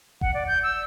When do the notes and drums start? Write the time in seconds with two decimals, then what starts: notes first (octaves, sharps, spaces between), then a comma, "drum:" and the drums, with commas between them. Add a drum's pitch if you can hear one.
0.21 F#5, drum: kick F#1
0.34 D5
0.47 G6
0.63 E6